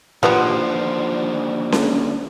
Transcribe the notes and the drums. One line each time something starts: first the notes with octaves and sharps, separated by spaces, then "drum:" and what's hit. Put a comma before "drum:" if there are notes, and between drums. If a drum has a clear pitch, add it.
D#2 D3 F3 G3 B3 F#4
drum: snare C#4